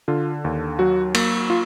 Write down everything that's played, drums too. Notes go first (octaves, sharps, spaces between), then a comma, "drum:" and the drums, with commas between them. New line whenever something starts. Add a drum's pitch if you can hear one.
D3 F4
D#2
F#3 F#4
A#3, drum: cymbal
F4